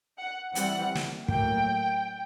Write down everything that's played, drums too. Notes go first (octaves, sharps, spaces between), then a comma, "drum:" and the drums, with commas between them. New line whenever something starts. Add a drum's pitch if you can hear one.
F#5
E3 G3 C4 F#5, drum: hi-hat
drum: snare
A2 F#3 A#3 G5, drum: kick